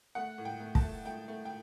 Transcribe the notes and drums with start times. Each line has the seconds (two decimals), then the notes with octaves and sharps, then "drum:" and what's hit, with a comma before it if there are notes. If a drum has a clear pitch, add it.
0.15 A3 F#5
0.38 A2
0.45 G5
0.60 A3
0.75 A5, drum: kick
0.83 A3
1.05 A3 G5
1.28 A3
1.45 G5